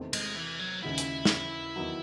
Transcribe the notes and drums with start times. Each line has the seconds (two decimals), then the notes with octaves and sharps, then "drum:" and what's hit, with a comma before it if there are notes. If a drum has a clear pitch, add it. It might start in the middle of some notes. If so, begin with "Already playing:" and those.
Already playing: E2 C3 D#3 A3 C4
0.13 G#3, drum: cymbal
0.36 E3
0.59 F#3
0.83 D#2 C#3 G#3 D#4 E4 F#4
0.98 drum: hi-hat
1.25 drum: snare
1.76 E2 D#3 F#3